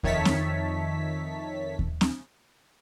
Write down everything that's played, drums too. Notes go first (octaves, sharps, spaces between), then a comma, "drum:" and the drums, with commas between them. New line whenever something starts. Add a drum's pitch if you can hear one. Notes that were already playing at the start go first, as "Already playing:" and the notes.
F2 D#3 C#5 E5 A5 B6, drum: kick D#2
drum: snare C4
drum: kick D#2
drum: snare C4